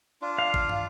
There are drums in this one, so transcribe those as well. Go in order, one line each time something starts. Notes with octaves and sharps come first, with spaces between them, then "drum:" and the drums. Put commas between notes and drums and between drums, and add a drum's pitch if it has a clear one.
D4 F4
F5
drum: kick G#1
drum: tom